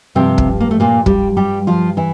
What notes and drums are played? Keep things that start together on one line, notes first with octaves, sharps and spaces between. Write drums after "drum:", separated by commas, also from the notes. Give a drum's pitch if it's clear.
G2 C3 F3 C4
drum: kick
A#3
A3
A#2 A#3
G3 G4, drum: kick
G3 G4
F3 F4
E3 E4